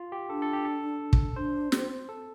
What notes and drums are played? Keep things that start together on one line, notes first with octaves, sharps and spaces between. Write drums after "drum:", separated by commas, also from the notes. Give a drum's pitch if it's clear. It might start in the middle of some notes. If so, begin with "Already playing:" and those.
Already playing: F4
G4
D4 A4
A4
G4
A4
drum: kick
D4 C5
C4, drum: snare
A4